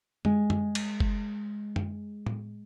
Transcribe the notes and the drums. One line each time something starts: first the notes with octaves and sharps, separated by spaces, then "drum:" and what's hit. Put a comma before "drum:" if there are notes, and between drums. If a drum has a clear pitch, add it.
G#3 G#5, drum: tom F#2
drum: tom F#2
drum: cymbal
drum: kick F#1
drum: tom F#2
drum: tom A2